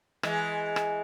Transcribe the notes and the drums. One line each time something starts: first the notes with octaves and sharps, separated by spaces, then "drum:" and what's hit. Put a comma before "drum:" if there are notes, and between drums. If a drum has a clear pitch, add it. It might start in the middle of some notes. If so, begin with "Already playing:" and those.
E3 G#3, drum: rim click
drum: rim click